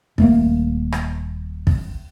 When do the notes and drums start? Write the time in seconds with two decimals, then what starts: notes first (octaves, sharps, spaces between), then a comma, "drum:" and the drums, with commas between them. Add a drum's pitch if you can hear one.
0.18 D#1 A3 A#3, drum: kick
0.92 drum: rim click
1.67 drum: kick